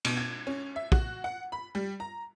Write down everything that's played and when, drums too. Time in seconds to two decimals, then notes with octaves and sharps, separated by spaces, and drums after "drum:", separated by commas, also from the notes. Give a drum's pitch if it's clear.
0.05 B2, drum: cymbal
0.17 G#6
0.47 C#4
0.76 E5
0.92 F#4, drum: kick
1.24 F#5
1.52 B5
1.75 G3
2.00 A#5